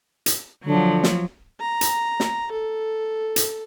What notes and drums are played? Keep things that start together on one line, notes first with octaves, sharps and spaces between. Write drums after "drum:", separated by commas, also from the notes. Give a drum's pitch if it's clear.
drum: hi-hat
D3 F3 F#3
drum: snare
A#5
drum: hi-hat
drum: snare
A4
drum: hi-hat